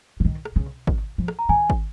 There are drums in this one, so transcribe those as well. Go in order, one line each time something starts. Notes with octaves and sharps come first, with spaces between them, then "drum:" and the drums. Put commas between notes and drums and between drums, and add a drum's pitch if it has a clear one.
C#3
D#3
drum: rim click
C#3
D#3, drum: kick G#1
F3
drum: rim click
A#5
D#3 G#5
drum: kick G#1